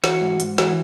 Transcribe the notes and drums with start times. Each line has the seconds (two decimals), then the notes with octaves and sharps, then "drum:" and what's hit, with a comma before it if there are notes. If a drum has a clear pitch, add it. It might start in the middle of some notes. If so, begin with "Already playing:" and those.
0.04 E3 F#4, drum: snare
0.21 G#2
0.40 G#2, drum: hi-hat
0.58 E3 F#4, drum: snare